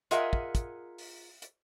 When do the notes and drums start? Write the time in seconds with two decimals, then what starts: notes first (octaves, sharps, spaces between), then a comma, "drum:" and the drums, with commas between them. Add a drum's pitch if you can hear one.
0.11 F4 G#4 A#4 D#5 E5 F#5, drum: hi-hat
0.33 drum: kick
0.55 drum: kick, hi-hat
0.98 drum: open hi-hat
1.42 drum: hi-hat